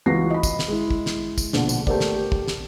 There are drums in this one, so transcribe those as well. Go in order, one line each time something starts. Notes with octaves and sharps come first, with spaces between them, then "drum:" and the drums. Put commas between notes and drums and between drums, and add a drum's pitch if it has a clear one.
C#2 E3 F#4 A#6 C7
D#5 B5
drum: kick, tambourine
drum: snare
G#3 E4
drum: kick
drum: snare
drum: kick, tambourine
A#1 B2 D3, drum: snare
drum: tambourine
A3 G4 A4 A#4 C5 D5, drum: kick
drum: snare
G4
drum: kick
drum: snare